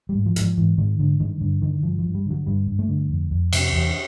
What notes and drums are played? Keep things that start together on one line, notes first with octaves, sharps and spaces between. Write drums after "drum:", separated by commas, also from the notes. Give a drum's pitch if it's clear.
G3
G#2
F3
G#2, drum: hi-hat
F3
G#2 E3
G#2 D#3
G#2 D3
G2 D#3
G2 D3
D3 D#3
G2 F3
F3
G2
G3
D3 F#3
G2 G3
G2
A3
D3
F2
F2
C3, drum: cymbal
E2